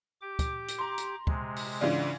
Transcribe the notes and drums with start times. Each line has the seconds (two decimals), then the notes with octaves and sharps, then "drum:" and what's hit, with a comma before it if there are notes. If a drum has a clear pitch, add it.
0.21 G4 D6
0.39 drum: kick, hi-hat
0.68 drum: hi-hat
0.79 A#5 C6
0.98 drum: hi-hat
1.27 C3 G#3, drum: kick
1.56 drum: open hi-hat
1.81 G#2 C#3 E3 D4 F4 D5